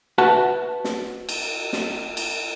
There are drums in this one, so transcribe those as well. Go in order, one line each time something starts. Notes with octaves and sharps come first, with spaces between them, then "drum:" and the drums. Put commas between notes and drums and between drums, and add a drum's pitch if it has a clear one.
F#4 B4 E5 F#5 A5
drum: snare
drum: cymbal
drum: snare
drum: cymbal